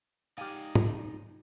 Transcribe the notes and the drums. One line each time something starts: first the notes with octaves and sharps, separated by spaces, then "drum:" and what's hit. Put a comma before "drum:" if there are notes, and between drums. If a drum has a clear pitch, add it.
D#4 G4 D5 F5 G#5
drum: tom